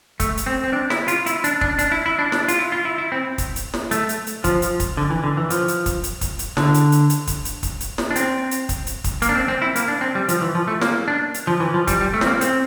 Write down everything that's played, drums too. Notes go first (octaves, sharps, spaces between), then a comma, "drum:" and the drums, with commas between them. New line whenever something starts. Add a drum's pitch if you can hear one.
A3, drum: kick, hi-hat
drum: hi-hat
C4
C4
D4
E4, drum: snare
F4, drum: hi-hat
E4, drum: hi-hat
D4, drum: hi-hat
D4, drum: kick
D4, drum: hi-hat
E4
E4
D4
D4, drum: snare
F4, drum: hi-hat
E4
F4
E4
E4
C4
drum: kick, hi-hat
drum: hi-hat
drum: snare
A3, drum: hi-hat
drum: hi-hat
drum: hi-hat
F3, drum: kick, hi-hat
drum: hi-hat
drum: kick, hi-hat
D3
E3
D3
E3
F3, drum: hi-hat
drum: hi-hat
drum: kick, hi-hat
drum: hi-hat
drum: kick, hi-hat
drum: hi-hat
D3, drum: snare
drum: hi-hat
drum: hi-hat
drum: hi-hat
drum: kick, hi-hat
drum: hi-hat
drum: kick, hi-hat
drum: hi-hat
drum: snare
D4
C4, drum: hi-hat
drum: hi-hat
drum: kick, hi-hat
drum: hi-hat
drum: kick, hi-hat
A#3, drum: hi-hat
D4
C4
C4
E4
A#3, drum: hi-hat
D4
C4
G3
F3, drum: hi-hat
E3
F3
A3
A#3, drum: snare
D4
drum: hi-hat
F3
E3
F3
G3, drum: kick, hi-hat
G3
A3
C4, drum: snare
A#3
C4, drum: hi-hat